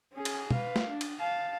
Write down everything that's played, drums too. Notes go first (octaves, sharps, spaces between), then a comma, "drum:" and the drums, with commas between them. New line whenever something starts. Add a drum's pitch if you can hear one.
C#4 G#4
drum: cymbal
B4 F5, drum: tom
drum: snare
D4
drum: cymbal
F5 A5